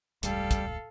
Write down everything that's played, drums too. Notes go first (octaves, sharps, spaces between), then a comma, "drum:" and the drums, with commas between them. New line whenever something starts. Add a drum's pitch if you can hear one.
E1 C#2 A2 G3 A4 F5, drum: hi-hat
drum: kick, hi-hat